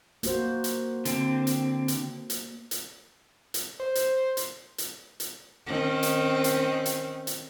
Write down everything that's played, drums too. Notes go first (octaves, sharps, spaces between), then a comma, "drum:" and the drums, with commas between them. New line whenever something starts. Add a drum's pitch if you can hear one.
A#3 F#4 C5, drum: hi-hat
drum: hi-hat
D3 C4, drum: hi-hat
drum: hi-hat
drum: hi-hat
drum: hi-hat
drum: hi-hat
drum: hi-hat
C5
drum: hi-hat
drum: hi-hat
drum: hi-hat
drum: hi-hat
D#3 C4 C#4
drum: hi-hat
drum: hi-hat
drum: hi-hat
drum: hi-hat